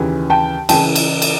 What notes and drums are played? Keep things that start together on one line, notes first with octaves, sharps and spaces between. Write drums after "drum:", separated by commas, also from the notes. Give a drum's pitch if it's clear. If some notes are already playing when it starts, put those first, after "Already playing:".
Already playing: D#2 C#3 E3
G5 A5
C#3 E3 G5 A5, drum: cymbal
drum: cymbal
drum: cymbal